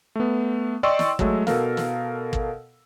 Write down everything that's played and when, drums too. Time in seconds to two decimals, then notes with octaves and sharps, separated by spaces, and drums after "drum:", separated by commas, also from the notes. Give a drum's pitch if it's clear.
0.16 A3 B3
0.83 D5 D#5 G5 C6 C#6 E6
0.99 drum: snare
1.19 F#3 G#3 A3, drum: kick
1.47 B2 A4 A#4 F5, drum: snare
1.77 drum: snare
2.33 drum: kick